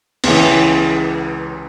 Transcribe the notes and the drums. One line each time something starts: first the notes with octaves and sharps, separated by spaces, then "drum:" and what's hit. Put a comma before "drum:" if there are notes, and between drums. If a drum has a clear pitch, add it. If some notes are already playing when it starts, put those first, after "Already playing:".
C#2 C#3 E3, drum: cymbal